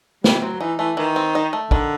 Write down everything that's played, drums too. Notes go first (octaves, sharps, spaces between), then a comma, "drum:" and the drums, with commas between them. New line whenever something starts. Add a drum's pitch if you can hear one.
E3 G3, drum: snare
F#3 C4
E3 D#4
E3 A3
D#3 E3
C4
D#4
A3
D3 D#3, drum: kick